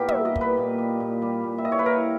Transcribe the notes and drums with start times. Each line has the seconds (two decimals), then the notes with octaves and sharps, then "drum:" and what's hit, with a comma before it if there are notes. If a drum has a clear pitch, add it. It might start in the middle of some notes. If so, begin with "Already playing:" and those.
Already playing: A#2 B3 G4 A#4
0.08 E5, drum: tom
0.14 G3
0.25 D#5
0.36 A#2, drum: kick
0.41 B4
0.57 A#2
0.78 G3
1.00 A#2
1.22 G3
1.44 A#2
1.58 E5
1.65 A#2 D#5
1.72 C#5
1.79 B4
1.86 E4 A#4